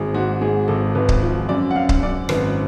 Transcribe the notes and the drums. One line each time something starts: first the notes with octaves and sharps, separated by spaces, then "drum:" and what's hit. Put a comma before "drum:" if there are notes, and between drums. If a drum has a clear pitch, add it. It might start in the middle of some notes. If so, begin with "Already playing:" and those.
Already playing: G#1 G#4
G#2 F#4
G#2 G#4
G#1 A4
G#1 B4
drum: kick C#1
F3
F#2 D5
F#5
F#2 F5
drum: kick C#1
F#2 D5
G#1 B4, drum: rim click